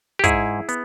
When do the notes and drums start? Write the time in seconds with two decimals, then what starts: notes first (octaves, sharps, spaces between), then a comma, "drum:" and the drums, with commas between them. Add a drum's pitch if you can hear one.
0.19 G4
0.24 G#2 E4 G#4, drum: kick, hi-hat
0.69 B3, drum: hi-hat